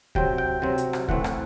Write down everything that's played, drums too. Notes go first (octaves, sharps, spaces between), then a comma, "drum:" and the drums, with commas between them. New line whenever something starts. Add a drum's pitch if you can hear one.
C3 F#3 C4 G5, drum: kick D2
G5
C3 F#3 C4
drum: hi-hat
drum: rim click
A2 E3 A3 C4 F#5, drum: kick D2
drum: rim click